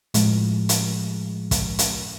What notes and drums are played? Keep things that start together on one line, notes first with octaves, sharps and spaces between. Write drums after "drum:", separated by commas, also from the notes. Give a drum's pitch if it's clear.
A2 F3 G#3, drum: hi-hat
drum: hi-hat
drum: kick, hi-hat
drum: hi-hat